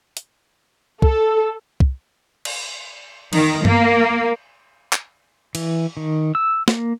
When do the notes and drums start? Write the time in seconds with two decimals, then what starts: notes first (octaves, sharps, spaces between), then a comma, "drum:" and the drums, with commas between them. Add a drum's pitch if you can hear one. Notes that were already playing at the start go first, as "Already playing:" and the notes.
0.17 drum: hi-hat
1.02 A4, drum: kick C2
1.80 drum: kick C2
2.45 drum: cymbal
3.33 D#3, drum: cymbal
3.65 A#3, drum: tom G2
4.93 drum: clap
5.55 E3, drum: cymbal
5.97 D#3
6.35 E6
6.68 A#3, drum: snare